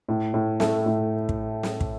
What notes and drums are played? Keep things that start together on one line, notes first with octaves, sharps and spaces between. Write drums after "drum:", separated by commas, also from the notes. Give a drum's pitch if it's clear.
A2
A2
A3, drum: snare
A2
drum: kick
drum: snare
drum: kick